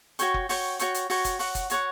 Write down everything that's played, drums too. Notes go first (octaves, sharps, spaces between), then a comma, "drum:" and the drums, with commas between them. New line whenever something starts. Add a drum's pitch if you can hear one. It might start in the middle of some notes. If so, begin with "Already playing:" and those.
F#4 C#5 G5 C#6, drum: hi-hat
drum: kick F#1
F#4 C#5 G5 C#6, drum: open hi-hat
F#4 C#5 G5 C#6, drum: hi-hat
drum: hi-hat
F#4 C#5 G5 C#6, drum: open hi-hat
drum: kick F#1, hi-hat
F#4 C#5 F#5 C#6, drum: open hi-hat
drum: kick F#1, hi-hat
F#4 C#5 F#5 C#6, drum: hi-hat